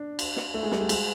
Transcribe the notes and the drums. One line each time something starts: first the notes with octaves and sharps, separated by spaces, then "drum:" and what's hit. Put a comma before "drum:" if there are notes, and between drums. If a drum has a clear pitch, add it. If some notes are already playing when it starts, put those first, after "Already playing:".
Already playing: D4
drum: cymbal
drum: snare
A3
G#3
G3, drum: snare
A3
G#3, drum: cymbal